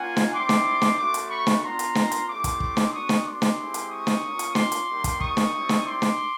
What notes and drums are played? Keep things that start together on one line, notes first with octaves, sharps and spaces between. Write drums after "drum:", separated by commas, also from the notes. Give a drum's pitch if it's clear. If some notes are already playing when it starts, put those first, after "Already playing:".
Already playing: A#3 C#4 F4 F#5 G#5
drum: snare
G3 C4 E4 C6 D6
drum: snare
drum: snare
A3 C#4 F#4 C6 D6
drum: hi-hat
B5 C#6
drum: snare
B3 D4 F4 A#5 C6
drum: hi-hat
drum: snare
drum: hi-hat
A3 C#4 E4 G4 C6 D6
drum: kick, hi-hat
drum: kick
drum: snare
B3 D4 F#4 C#6 D#6
drum: snare
C6 D6
drum: snare
G#3 C4 E4 G4
drum: hi-hat
C#6 D#6
drum: snare
A#3 C#4 F4
drum: hi-hat
C6 D6, drum: snare
drum: hi-hat
G3 A#3 D#4 G4
drum: kick, hi-hat
C#6 D#6, drum: kick
drum: snare
G3 C4 E4 G4
drum: snare
C6 D6
drum: snare